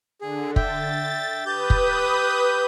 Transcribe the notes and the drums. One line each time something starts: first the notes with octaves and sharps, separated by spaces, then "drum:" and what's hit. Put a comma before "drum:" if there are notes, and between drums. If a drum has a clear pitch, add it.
D3 G#4
E5 G5 A6, drum: kick
G4 B4 D#6 G6
drum: kick